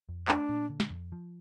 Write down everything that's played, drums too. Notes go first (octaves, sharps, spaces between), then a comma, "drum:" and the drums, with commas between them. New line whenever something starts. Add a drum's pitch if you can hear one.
F2
A3 D4, drum: clap
A#2
D3
drum: snare
F2
F3